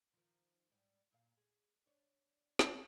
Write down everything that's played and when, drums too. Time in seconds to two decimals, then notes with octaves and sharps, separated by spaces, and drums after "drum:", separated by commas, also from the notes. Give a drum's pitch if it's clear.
0.14 D#3 F3
0.70 G#2 G3
1.11 F#2 A#2 F5
1.37 G#4
1.86 D4 C#5
2.59 drum: snare